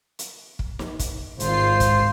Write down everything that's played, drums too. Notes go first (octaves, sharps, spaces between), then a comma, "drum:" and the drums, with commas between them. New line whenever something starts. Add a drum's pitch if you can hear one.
drum: hi-hat
drum: kick
drum: snare
drum: kick, hi-hat
G#1 F4 C5 C7, drum: hi-hat
drum: kick, hi-hat